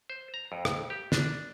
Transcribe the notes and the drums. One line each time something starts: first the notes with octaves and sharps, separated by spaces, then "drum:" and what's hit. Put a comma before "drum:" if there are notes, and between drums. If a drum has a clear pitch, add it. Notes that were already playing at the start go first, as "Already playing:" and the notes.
C5
A#5
F2
drum: rim click
G4
D4, drum: snare